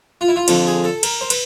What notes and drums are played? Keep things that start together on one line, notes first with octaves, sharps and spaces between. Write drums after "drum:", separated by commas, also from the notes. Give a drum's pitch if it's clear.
F4
E4
F4
F2 D3 F3, drum: cymbal
G#4
A4
A#4, drum: cymbal
C5
B4, drum: cymbal